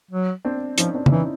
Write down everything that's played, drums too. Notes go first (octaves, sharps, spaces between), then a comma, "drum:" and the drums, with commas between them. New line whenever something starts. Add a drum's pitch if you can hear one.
F#3
C4 D4
F3 C#4 D#4, drum: hi-hat
C4 D4
E4, drum: tom
E3 C#4 D#4